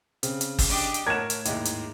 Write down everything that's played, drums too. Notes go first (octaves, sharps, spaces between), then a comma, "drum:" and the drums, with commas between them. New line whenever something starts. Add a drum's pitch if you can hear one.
C#3 C4, drum: hi-hat
drum: hi-hat
drum: kick, open hi-hat
D4 G4 D#5
drum: hi-hat
A2 A#4 C#5 F#5 A5 G#6 E7
drum: hi-hat
D#2 G#2 D#4 E4, drum: hi-hat
drum: hi-hat